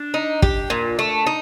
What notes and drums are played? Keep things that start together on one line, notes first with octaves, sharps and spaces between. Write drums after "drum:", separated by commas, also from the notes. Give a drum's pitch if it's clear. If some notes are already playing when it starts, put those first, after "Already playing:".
Already playing: D4
D#4
G4, drum: kick
A#2
A3
D#4